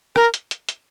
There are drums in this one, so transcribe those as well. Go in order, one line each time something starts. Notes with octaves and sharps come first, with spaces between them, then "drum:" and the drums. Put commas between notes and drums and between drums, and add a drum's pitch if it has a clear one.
A#4, drum: rim click
drum: hi-hat
drum: hi-hat
drum: hi-hat